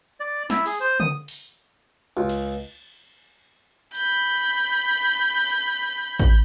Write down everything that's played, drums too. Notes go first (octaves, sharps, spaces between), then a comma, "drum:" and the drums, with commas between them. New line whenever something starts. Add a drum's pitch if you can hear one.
D5
E4, drum: snare
G#4, drum: open hi-hat
C5
D#6, drum: tom C#3
drum: open hi-hat
C#2 F4
drum: cymbal
B5 G6, drum: hi-hat
drum: hi-hat
drum: kick A1